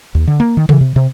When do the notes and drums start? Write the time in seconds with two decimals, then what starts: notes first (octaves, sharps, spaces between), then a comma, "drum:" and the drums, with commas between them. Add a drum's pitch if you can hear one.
0.15 D#2
0.27 D3
0.40 A#3
0.57 D#3
0.69 E3, drum: tom C3
0.81 C3
0.96 C3